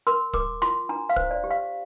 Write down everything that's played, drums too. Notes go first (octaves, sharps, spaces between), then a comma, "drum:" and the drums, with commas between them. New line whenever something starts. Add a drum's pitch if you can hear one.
A#4 C6
A#4 D6, drum: kick
F4 C6, drum: rim click
D4 A#5
F5
C5, drum: kick
D5
G4
F5